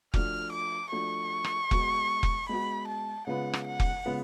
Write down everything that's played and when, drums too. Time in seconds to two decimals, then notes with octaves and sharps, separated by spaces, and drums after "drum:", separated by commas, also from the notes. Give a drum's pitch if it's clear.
0.14 F3 A3 D4 F#4 F6, drum: kick F1
0.53 D6
0.92 F3 A3 D4 F#4 C#6
1.44 drum: rim click
1.71 G#3 B3 F#4, drum: kick F1
2.23 drum: kick F1
2.49 G#3 B3 F#4 B5
2.88 A5
3.27 C#3 G#3 B3 F4 B4 F#5
3.53 drum: rim click
3.67 F#5
3.80 drum: kick F1
4.05 C#3 G#3 B3 F4 B4